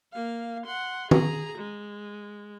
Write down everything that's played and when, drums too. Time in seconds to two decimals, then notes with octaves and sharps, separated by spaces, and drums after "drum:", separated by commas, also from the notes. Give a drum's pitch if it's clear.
0.13 A#3 F5
0.66 F#5 C6
1.11 G#4 A#5, drum: tom D#3
1.58 G#3